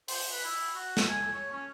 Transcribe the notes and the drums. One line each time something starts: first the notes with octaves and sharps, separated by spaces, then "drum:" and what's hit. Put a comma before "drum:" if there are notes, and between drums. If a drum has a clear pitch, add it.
C5, drum: open hi-hat
B4
E4
F#4
drum: snare
G#5
C#5
C#4